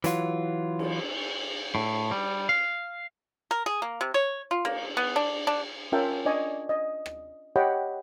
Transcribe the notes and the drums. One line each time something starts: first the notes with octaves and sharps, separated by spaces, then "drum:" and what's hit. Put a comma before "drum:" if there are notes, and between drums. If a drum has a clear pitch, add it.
E3 F#3 F4, drum: hi-hat
drum: cymbal
A2
G3
F5
A#4
G#4
A#3
C3
C#5
F4
A#3, drum: cymbal
B3
D4
D4
C#4 F4 A#4 E5 G5 A5
D4 D5 D#5 G#5 C#6
D#5
drum: rim click
G4 C#5 D#5 F#5 G5 B5